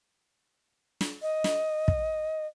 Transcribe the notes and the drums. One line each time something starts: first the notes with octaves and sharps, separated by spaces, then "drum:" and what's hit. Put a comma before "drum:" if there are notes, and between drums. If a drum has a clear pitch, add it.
drum: snare
D#5
drum: snare
drum: kick